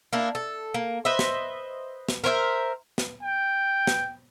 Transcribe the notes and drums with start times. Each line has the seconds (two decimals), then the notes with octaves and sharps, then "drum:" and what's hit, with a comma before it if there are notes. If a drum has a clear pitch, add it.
0.13 A#3 D4 E4
0.35 A4
0.74 A#3
1.05 B4 C5 D#5 E5
1.19 drum: snare
2.09 drum: snare
2.24 A#4 C5 C#5 E5
2.98 drum: snare
3.23 G5
3.87 drum: snare